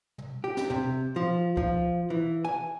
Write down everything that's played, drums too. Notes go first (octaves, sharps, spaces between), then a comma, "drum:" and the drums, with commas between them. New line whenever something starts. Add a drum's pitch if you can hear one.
drum: tom
G4
drum: snare
C3, drum: tom
F3
F3, drum: kick C2
E3
G#5